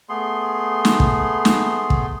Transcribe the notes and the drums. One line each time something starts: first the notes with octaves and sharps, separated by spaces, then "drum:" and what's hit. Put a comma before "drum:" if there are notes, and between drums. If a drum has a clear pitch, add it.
A3 B3 G#4 C6
drum: snare
drum: kick
drum: snare
drum: kick